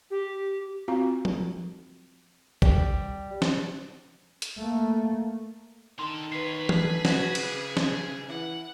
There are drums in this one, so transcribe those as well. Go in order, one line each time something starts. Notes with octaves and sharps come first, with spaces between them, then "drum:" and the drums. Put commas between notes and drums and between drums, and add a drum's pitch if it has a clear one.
G4
C4 F4 F#4 F5 A#5
drum: tom F3
G3, drum: kick A#1
drum: snare
drum: hi-hat
A3 A#3
D3 D#3 A4 C6
D#2 B4 C#5 B6 C7
D3 G#4, drum: tom E3
F#4, drum: snare
C#3, drum: cymbal
drum: snare
E3 F#5